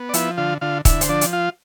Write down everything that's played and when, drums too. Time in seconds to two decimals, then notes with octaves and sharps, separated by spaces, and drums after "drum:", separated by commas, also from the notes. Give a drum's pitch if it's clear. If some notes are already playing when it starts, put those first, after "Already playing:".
Already playing: B3
0.09 D5
0.14 F3 E4 E5, drum: hi-hat
0.38 D3 F4 F5
0.61 D3 F4 F5
0.85 D3 E4 E5, drum: kick, hi-hat
1.01 C5, drum: hi-hat
1.09 F3 D4 D5
1.21 drum: hi-hat
1.33 F4 F5